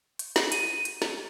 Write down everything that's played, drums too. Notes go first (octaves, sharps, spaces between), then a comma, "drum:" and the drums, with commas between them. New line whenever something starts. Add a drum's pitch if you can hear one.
drum: hi-hat
drum: snare
D#7, drum: hi-hat
drum: hi-hat
drum: snare